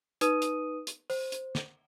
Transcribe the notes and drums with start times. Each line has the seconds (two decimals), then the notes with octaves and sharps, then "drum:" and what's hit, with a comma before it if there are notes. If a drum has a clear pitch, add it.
0.21 D#4 B4 D#6 D#7, drum: hi-hat
0.42 drum: hi-hat
0.87 drum: hi-hat
1.10 C5, drum: open hi-hat
1.32 drum: hi-hat
1.55 drum: snare